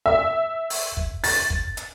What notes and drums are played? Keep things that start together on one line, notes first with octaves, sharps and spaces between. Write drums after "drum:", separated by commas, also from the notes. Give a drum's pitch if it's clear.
E5
drum: open hi-hat
drum: kick
A6, drum: open hi-hat
drum: kick
drum: hi-hat